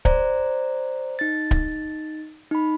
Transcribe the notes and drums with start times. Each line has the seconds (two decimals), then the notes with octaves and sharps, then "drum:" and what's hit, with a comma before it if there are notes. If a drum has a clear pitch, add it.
0.05 C5 D5 A#5, drum: kick D1
1.19 D#4 A6
1.51 drum: kick D1
2.51 D#4 B5